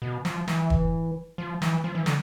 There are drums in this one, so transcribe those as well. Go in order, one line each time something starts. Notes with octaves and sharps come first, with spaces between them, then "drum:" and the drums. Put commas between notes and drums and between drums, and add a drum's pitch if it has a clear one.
B2
F3, drum: snare
E3, drum: snare
drum: kick
F3
E3, drum: snare
F3
E3
D3, drum: snare